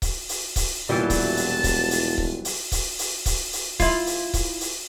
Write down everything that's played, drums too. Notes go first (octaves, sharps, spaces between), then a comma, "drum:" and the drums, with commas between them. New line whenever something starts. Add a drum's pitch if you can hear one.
drum: kick C#1, open hi-hat
drum: open hi-hat
drum: kick C#1, open hi-hat
E1 A#2 E3 F#3 G3 A5
drum: kick C#1, open hi-hat
drum: open hi-hat
drum: kick C#1, open hi-hat
drum: open hi-hat
drum: kick C#1
drum: open hi-hat
drum: kick C#1, open hi-hat
drum: open hi-hat
drum: kick C#1, open hi-hat
drum: open hi-hat
E4 F4, drum: kick C#1, open hi-hat
drum: open hi-hat
drum: kick C#1, open hi-hat
drum: open hi-hat